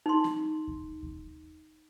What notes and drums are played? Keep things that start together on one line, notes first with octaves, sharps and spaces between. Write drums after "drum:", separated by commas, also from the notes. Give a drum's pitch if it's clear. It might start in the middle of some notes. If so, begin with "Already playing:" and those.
D#4 C6
drum: snare
drum: kick D#2
drum: kick D#2